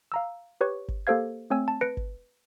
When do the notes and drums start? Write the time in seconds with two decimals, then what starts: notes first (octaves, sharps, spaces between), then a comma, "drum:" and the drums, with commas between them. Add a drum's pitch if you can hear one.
0.12 F5 A#5 E6
0.61 G4 B4 C#5 C#6
0.89 drum: kick G1
1.07 A#3 G4 A4 C5 F5 G#6
1.50 A3 C4 C#5 G#5 E6
1.68 A5
1.81 B4 A#6 C#7 D7
1.97 drum: kick G1